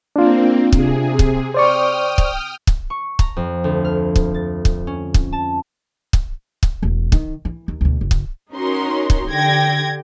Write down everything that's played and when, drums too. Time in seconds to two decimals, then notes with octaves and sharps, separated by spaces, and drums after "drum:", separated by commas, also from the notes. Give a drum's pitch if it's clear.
0.16 A#3 C4 D4 F4
0.72 C3 G#4, drum: kick
1.19 drum: kick
1.54 C5 D5 G5 C#6 D#6 F6
2.18 drum: kick
2.67 drum: kick
2.90 C#6
3.19 A#5, drum: kick
3.37 F2
3.64 D2
3.85 F6
4.16 drum: kick
4.34 A6
4.65 drum: kick
4.87 C#4
5.14 drum: kick
5.32 A5
6.13 drum: kick
6.63 drum: kick
6.83 E1 A3
7.12 D#3, drum: kick
7.45 E3
7.68 D#2
7.81 D2 B2
8.01 F#1
8.11 drum: kick
8.54 C#4 D#4 F#4 A#4 C#5 C6
9.10 drum: kick
9.30 D3 G4 G5 G#6 A#6